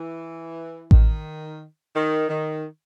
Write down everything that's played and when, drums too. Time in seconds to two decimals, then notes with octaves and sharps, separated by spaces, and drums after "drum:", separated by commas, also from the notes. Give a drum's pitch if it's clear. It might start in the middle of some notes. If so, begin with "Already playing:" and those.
Already playing: E3
0.91 D#3, drum: kick A1
1.95 D#3
2.29 D#3